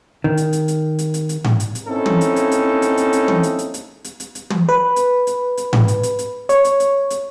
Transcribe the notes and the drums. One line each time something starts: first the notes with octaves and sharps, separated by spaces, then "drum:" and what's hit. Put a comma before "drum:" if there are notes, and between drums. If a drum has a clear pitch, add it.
D#3
drum: hi-hat
drum: hi-hat
drum: hi-hat
drum: hi-hat
drum: hi-hat
drum: hi-hat
drum: tom G#2
drum: hi-hat
drum: hi-hat
A#3 C4 C#4 D#4 E4 A4
drum: tom
drum: hi-hat
drum: hi-hat
drum: hi-hat
drum: hi-hat
drum: hi-hat
drum: hi-hat
drum: tom
drum: hi-hat
drum: hi-hat
drum: hi-hat
drum: hi-hat
drum: hi-hat
drum: hi-hat
drum: tom
B4
drum: hi-hat
drum: hi-hat
drum: hi-hat
drum: tom G#2
drum: hi-hat
drum: hi-hat
drum: hi-hat
C#5, drum: hi-hat
drum: hi-hat
drum: hi-hat
drum: hi-hat